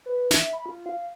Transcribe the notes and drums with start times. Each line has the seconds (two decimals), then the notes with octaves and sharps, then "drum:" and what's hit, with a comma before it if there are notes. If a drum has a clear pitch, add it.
0.06 B4
0.31 E5, drum: snare
0.53 B5
0.66 F4
0.86 F5